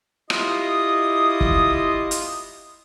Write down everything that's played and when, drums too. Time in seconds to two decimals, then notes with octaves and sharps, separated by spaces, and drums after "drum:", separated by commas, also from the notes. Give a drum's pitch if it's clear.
0.30 E4 F4 G4 D#5 D#6, drum: rim click
1.41 drum: kick
2.11 drum: hi-hat